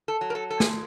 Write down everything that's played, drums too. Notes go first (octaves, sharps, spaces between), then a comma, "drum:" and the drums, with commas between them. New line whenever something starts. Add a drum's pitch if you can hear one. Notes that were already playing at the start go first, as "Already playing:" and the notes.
A4
F#3
A#4
A4
A4
G#3 G#4, drum: snare